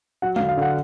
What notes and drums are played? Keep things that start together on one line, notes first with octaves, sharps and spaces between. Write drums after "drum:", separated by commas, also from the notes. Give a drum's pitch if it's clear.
F#3 F#5
F5, drum: tom G#3
D3
F5
D3 F#5